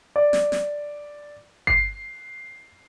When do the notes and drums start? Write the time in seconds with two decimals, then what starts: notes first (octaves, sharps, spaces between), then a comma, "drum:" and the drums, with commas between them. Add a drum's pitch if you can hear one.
0.16 D5
0.33 drum: snare
0.52 drum: snare
1.67 C7, drum: kick G1